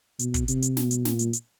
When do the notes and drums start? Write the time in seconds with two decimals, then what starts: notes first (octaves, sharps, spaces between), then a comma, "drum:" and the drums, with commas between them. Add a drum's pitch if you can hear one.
0.19 B2, drum: hi-hat
0.34 drum: kick, hi-hat
0.48 C3, drum: hi-hat
0.62 drum: hi-hat
0.77 B2, drum: snare
0.91 drum: hi-hat
1.05 A#2, drum: snare
1.19 drum: hi-hat
1.33 drum: hi-hat